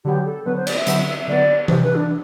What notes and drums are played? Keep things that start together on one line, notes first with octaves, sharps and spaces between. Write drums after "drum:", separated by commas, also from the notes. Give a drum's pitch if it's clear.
D3 F#3 B3 G4
A4
D3 F#3 B3 B4
C5
D5, drum: cymbal
E5
D3 F#3 B3, drum: hi-hat
D3 F#3 B3 D5
C3 E3 G3 C5, drum: tom E3
B4
D4